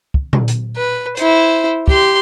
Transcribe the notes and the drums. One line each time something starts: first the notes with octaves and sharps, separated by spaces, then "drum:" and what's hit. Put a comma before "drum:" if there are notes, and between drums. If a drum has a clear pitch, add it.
drum: kick
drum: tom A#2
drum: hi-hat
B4
E4 C5, drum: hi-hat
G4 C6, drum: kick